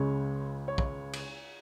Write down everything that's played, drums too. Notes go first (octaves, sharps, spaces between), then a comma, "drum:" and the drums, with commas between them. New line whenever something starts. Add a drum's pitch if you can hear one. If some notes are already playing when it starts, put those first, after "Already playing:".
Already playing: C#2 C#3 G#3 C#5
C#5
drum: kick
drum: cymbal